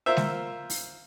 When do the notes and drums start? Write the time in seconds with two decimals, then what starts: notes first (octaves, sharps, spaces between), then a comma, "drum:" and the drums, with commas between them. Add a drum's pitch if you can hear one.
0.06 F4 A#4 C5 E5
0.17 drum: snare G#3
0.70 drum: open hi-hat